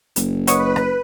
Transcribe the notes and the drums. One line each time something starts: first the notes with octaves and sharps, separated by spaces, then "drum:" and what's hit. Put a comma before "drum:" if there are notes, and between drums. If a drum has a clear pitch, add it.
F#1, drum: hi-hat
F#4 B4 C#5 D#5, drum: hi-hat
drum: rim click